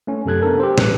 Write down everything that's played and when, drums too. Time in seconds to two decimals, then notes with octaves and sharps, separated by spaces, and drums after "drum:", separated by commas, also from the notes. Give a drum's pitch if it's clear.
0.07 A3 C#4
0.25 F#2 C3 A4 F#6 G#6
0.42 B3 D4 A4 A#4
0.60 G4 C5
0.78 A1 B4 F#6, drum: snare